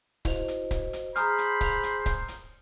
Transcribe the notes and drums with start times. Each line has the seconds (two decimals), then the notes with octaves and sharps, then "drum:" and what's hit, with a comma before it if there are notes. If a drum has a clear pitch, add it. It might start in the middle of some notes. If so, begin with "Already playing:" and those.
0.25 E4 F#4 C5 D#5, drum: kick C#1, open hi-hat
0.48 drum: hi-hat
0.71 drum: kick C#1, hi-hat
0.93 drum: hi-hat
1.16 G#4 C5 G#5 A#5 B5 D#6 F6, drum: hi-hat
1.38 drum: hi-hat
1.61 drum: kick C#1, open hi-hat
1.83 drum: hi-hat
2.06 drum: kick C#1, hi-hat
2.28 drum: hi-hat